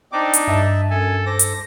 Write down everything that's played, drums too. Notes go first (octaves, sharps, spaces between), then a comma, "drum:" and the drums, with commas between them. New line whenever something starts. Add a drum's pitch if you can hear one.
C4 D4 D#4 D6
drum: hi-hat
G2 D#5 E5 A5
F#2 A4 G#5
A4 C5 D6 A#6
drum: hi-hat